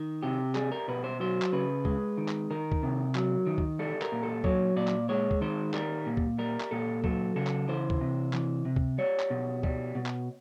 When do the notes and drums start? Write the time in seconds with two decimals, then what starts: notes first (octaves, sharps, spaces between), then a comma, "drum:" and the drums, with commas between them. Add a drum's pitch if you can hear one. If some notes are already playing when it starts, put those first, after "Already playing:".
Already playing: D#3
0.23 C3 G4
0.55 G3 G#4, drum: clap
0.72 A#4
0.88 B2 B4
1.04 C5
1.20 F#3 C5
1.42 drum: clap
1.53 C#3 B4
1.85 G#3, drum: kick C#2
2.18 D#3
2.28 drum: clap
2.51 D#3 A#4
2.72 drum: kick C#2
2.83 C3
3.15 F#3, drum: clap
3.47 D#3
3.58 drum: kick C#2
3.79 G3 A4
4.02 A#4, drum: clap
4.12 A#2
4.23 A4
4.44 F#3 C#5, drum: kick C#2
4.76 A#2 D5
4.88 drum: clap
5.09 G#3 C#5
5.31 drum: kick C#2
5.41 D#3 C5
5.74 G3 A#4, drum: clap
6.06 A#2
6.17 drum: kick C#2
6.39 G3 A#4
6.60 drum: clap
6.71 A#2 A4
7.04 F#3 A4, drum: kick C#2
7.36 C#3 A4
7.47 drum: clap
7.68 E3 C5
7.90 drum: kick C#2
8.01 C3
8.33 E3, drum: clap
8.65 C3
8.76 drum: kick C#2
8.98 G3 C#5
9.20 drum: clap
9.30 B2
9.63 G3, drum: kick C#2
9.95 B2
10.06 drum: clap